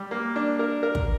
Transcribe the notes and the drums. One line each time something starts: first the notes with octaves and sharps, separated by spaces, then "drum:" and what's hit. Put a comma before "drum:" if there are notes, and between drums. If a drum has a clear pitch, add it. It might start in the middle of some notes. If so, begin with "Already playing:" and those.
Already playing: G3
A#3
D4
A#4
A#4
drum: kick